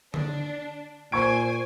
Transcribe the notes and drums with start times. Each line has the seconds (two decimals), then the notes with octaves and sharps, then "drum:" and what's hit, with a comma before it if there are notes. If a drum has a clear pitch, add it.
0.14 D4, drum: tom D3
1.12 A#2 C5 G#5 C#6 G#6 D7